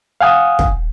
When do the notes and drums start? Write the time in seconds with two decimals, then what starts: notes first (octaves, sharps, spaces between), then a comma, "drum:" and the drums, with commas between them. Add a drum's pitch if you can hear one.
0.21 F5 F#5 G#5 D#6
0.59 drum: kick